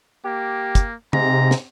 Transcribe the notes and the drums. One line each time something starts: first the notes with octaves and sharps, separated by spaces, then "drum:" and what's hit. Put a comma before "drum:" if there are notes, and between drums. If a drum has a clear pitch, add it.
A#3 G4
drum: kick, hi-hat
G#2 C3 A#5, drum: tom
drum: snare